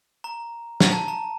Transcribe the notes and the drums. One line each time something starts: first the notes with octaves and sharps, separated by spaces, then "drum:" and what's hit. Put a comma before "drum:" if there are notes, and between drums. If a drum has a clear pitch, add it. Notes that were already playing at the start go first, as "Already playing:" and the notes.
A#5
A#5, drum: snare
A5
A#5